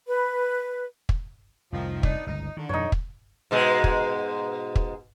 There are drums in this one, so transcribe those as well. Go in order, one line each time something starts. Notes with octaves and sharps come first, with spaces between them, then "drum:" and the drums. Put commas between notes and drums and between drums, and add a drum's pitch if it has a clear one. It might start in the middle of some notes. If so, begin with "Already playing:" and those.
B4
drum: kick
F1 C2 F2 D#3 F3
B3 D4 D#4, drum: kick
G1 C#2 D#4
D3 D#3
E1 F#2 D#4 C#5
drum: kick
G#2 B2 G#3
drum: kick
drum: kick